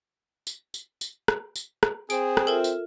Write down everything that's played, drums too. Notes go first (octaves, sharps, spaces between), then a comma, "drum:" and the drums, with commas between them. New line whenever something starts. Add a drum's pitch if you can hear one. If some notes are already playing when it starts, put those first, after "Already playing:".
drum: tambourine
drum: tambourine
drum: tambourine
drum: rim click
drum: tambourine
drum: rim click
C4 G#4 D7, drum: tambourine
drum: rim click
F4 A4 A#4 E5
drum: tambourine